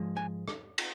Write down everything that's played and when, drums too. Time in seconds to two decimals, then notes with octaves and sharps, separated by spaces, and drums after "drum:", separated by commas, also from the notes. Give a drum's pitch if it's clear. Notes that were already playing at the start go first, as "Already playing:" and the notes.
Already playing: G#2 F3 G#3
0.17 G#5
0.48 drum: rim click
0.78 drum: cymbal